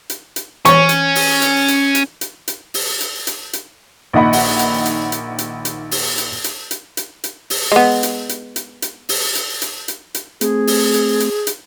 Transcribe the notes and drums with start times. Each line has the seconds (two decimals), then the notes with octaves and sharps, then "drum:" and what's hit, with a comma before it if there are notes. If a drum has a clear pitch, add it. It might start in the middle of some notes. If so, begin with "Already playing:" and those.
0.10 drum: hi-hat
0.36 drum: hi-hat
0.65 E3 C#4 C#5 C#6, drum: hi-hat
0.89 drum: hi-hat
1.15 drum: open hi-hat
1.42 drum: hi-hat
1.68 drum: hi-hat
1.95 drum: hi-hat
2.21 drum: hi-hat
2.48 drum: hi-hat
2.74 drum: open hi-hat
3.00 drum: hi-hat
3.27 drum: hi-hat
3.53 drum: hi-hat
4.13 A#1 D#3 D#5 F#5 B5
4.33 drum: open hi-hat
4.59 drum: hi-hat
4.86 drum: hi-hat
5.12 drum: hi-hat
5.38 drum: hi-hat
5.65 drum: hi-hat
5.91 drum: open hi-hat
6.18 drum: hi-hat
6.44 drum: hi-hat
6.71 drum: hi-hat
6.97 drum: hi-hat
7.24 drum: hi-hat
7.50 drum: open hi-hat
7.72 G#3 B3
8.03 drum: hi-hat
8.29 drum: hi-hat
8.56 drum: hi-hat
8.82 drum: hi-hat
9.09 drum: open hi-hat
9.35 drum: hi-hat
9.62 drum: hi-hat
9.88 drum: hi-hat
10.15 drum: hi-hat
10.41 A3 C4 G#4, drum: hi-hat
10.67 drum: open hi-hat
10.94 drum: hi-hat
11.20 drum: hi-hat
11.47 drum: hi-hat